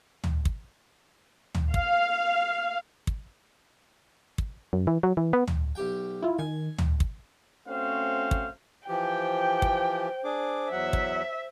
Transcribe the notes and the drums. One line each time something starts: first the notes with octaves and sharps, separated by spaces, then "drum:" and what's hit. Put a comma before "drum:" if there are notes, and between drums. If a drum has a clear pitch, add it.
drum: tom
drum: kick
drum: tom
F5, drum: kick
drum: kick
drum: kick
F#2
E3
F#3
E3
B3
drum: tom
B1 G4 G5
E4 F4
D#3 G#5
drum: tom
drum: kick
A3 C4 C#4 F#4 C5 F5
drum: kick
E3 F3 G4 C5 G5
drum: kick
D4 G#4 D6
E2 F#3 E5 F#5
drum: kick